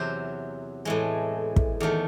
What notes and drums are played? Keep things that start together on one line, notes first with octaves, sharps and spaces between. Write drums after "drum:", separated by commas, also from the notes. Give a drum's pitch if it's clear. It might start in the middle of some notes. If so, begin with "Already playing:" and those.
Already playing: E2 C3 F#3 C5
A2 E3 G#3
drum: kick
E2 D#3 A3